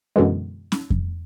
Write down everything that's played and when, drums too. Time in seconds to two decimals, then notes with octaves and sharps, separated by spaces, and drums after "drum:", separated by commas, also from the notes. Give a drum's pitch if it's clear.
0.16 F#2 B2 D3 E3 G#3
0.72 drum: snare C#4
0.90 drum: kick F2